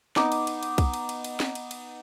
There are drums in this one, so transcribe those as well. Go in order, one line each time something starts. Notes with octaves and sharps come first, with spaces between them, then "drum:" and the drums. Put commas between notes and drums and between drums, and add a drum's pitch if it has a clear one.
B3 D#4 D6, drum: snare C4
drum: cymbal
drum: cymbal
drum: cymbal
drum: kick B1, cymbal
drum: cymbal
drum: cymbal
drum: cymbal
drum: snare C4
drum: cymbal
drum: cymbal